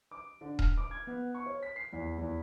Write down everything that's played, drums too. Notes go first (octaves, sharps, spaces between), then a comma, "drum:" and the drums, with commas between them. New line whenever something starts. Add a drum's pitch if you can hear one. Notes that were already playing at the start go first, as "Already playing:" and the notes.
D6
D3
F6, drum: kick D#1
D6
G#6
B3
C#6
C#5
B6
C7
E2
E2